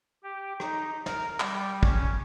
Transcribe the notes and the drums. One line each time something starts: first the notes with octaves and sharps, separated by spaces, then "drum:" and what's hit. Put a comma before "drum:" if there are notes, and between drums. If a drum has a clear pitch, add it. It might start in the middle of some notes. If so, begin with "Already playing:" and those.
G4
D#4, drum: rim click
A#4, drum: snare
G3, drum: clap
C#4, drum: kick